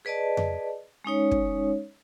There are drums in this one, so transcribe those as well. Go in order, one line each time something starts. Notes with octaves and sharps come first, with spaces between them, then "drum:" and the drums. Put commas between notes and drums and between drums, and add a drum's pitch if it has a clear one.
G#4 B4 D5 D#5 A5
drum: tom F2
G#3 C#4 D#4 C#5
drum: kick